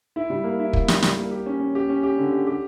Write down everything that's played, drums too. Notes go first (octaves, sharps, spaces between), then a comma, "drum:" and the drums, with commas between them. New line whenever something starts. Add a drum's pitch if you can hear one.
E4
G3
A#3
E4
A#3, drum: kick
G3, drum: snare
G3, drum: snare
A#3
G4
C#4
C#4
G4
C#4
G4
D3
G4
G4